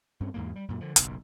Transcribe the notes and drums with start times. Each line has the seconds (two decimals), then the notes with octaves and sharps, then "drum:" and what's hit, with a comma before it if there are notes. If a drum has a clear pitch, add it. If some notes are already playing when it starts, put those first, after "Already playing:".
0.20 G2 C4 C#4
0.34 E2 G#2 A#3
0.56 G3
0.68 F#2 A#2
0.80 D3 F3
0.96 F#1 B1 B2, drum: hi-hat